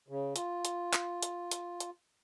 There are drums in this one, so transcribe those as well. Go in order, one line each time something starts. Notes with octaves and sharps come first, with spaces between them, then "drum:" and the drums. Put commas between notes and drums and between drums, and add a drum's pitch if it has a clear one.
C#3
F4, drum: hi-hat
drum: hi-hat
drum: clap
drum: hi-hat
drum: hi-hat
drum: hi-hat